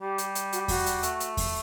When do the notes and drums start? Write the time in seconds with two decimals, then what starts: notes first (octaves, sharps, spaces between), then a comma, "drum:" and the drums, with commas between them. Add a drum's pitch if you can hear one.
0.01 G3 G4
0.18 drum: hi-hat
0.35 drum: hi-hat
0.53 F#4, drum: hi-hat
0.60 G4
0.68 F#4, drum: kick E2, open hi-hat
0.86 drum: hi-hat
1.03 A3, drum: hi-hat
1.20 drum: hi-hat
1.37 drum: kick E2, open hi-hat